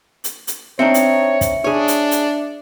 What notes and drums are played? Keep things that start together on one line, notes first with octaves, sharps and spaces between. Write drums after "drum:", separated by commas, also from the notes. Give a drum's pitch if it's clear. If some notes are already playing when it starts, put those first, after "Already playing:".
drum: hi-hat
drum: hi-hat
C4 D4 D#4 C#5 E5 C#7
drum: hi-hat
drum: kick, hi-hat
D4 G#4 C#5
drum: hi-hat
drum: hi-hat